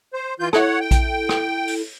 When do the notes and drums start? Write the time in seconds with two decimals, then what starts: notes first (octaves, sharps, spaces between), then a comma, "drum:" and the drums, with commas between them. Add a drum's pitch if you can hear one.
0.14 C5
0.40 E3 F4 G6
0.53 E4 A4 C#5 F#5, drum: rim click
0.81 G5
0.91 drum: kick A#1, hi-hat
1.29 drum: rim click
1.67 drum: open hi-hat